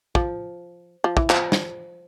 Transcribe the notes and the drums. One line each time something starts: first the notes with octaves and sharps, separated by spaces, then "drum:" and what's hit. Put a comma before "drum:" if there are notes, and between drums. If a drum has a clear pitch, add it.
F3, drum: kick
F3
E3, drum: kick
F3, drum: clap
drum: snare